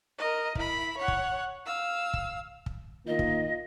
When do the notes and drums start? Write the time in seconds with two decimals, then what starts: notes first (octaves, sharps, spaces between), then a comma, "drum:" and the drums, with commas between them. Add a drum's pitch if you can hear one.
0.18 A#4 D#5
0.55 E4 B5, drum: kick
0.98 C#5 F#5
1.08 drum: kick
1.66 F5 E6
2.14 drum: kick
2.66 drum: kick
3.07 D#3 A#3 F4 D#5
3.19 drum: kick